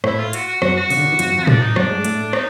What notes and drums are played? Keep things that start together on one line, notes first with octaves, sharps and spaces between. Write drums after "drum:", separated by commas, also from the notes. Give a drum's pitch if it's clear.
A2 A3 E4, drum: rim click
F4
F#4, drum: hi-hat
F#4
F#2 F#3 F#4, drum: rim click
F#4
C#3, drum: open hi-hat
D3
D#3
E3
F2 F3, drum: hi-hat
F#2 F#3
F2 F3
D4, drum: tom
D#4
F#2 F#3 D4, drum: rim click
G#2 G#3
A2 A3, drum: hi-hat
D#4, drum: rim click